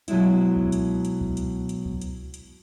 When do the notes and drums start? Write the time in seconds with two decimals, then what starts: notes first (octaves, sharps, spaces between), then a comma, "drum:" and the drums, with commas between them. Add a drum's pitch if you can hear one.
0.08 B2 F#3 G#3 E4, drum: hi-hat
0.56 drum: kick C2
0.72 drum: hi-hat
1.05 drum: hi-hat
1.21 drum: kick C2
1.37 drum: hi-hat
1.69 drum: hi-hat
1.85 drum: kick C2
2.01 drum: hi-hat
2.34 drum: hi-hat